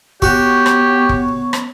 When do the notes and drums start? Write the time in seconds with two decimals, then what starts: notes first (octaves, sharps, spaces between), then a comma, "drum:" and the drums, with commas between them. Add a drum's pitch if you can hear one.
0.22 B3 F#4 G4 C#5, drum: kick
0.66 drum: rim click
1.09 drum: kick
1.53 drum: rim click